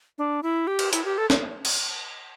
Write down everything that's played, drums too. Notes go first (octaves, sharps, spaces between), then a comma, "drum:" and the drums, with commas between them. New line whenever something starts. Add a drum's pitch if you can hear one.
D4
E4
G4
drum: cymbal
E4, drum: hi-hat
G4
A4
drum: snare
drum: cymbal